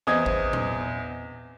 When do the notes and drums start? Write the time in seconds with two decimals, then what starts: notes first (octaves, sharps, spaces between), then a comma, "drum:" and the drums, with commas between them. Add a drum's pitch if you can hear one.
0.07 E2 C4 D#5 D#6 G#6
0.26 drum: kick
0.53 drum: tom A#2